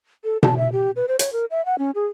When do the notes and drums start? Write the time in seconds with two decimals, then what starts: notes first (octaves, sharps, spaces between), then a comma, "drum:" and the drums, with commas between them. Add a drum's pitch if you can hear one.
0.24 A4
0.43 A5, drum: tom B2
0.57 E5
0.72 G4
0.96 B4
1.08 C5
1.19 C#5, drum: hi-hat
1.32 A#4
1.51 E5
1.66 F#5
1.78 C#4
1.95 G#4